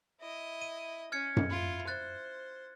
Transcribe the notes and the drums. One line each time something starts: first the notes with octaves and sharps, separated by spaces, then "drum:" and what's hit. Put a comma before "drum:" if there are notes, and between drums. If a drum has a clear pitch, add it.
E4 D#5
D#7
C#4 F6 G#6 C#7
drum: tom F#2
E4 F4
C5 F#6 A6